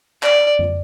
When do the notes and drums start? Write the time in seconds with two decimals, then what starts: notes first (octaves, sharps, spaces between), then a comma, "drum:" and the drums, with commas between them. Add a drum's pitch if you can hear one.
0.23 D5, drum: clap
0.59 drum: tom F2